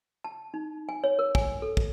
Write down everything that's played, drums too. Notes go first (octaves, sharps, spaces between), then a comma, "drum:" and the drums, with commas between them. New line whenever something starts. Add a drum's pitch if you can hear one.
A5
D#4
G#5
C#5
A#4
G#5, drum: kick
A4
drum: kick